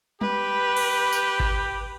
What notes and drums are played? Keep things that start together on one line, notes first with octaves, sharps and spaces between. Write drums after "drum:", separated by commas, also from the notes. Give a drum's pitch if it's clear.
G4 B4, drum: tom
drum: cymbal
drum: tambourine
drum: kick G#1